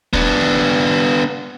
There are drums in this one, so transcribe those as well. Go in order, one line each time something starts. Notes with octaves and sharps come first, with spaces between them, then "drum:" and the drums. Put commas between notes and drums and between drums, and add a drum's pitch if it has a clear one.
B3 D4, drum: kick